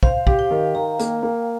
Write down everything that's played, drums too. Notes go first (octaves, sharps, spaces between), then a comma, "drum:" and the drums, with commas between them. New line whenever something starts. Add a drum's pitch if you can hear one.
C5 F5, drum: kick
G4, drum: kick
G5
D#3
D#3 A#5
A#3, drum: hi-hat
A#3